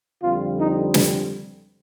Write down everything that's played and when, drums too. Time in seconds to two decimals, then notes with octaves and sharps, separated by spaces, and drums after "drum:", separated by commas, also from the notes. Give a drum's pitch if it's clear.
0.22 F2 D3 G3 C4 F4
0.59 D#4
0.94 drum: snare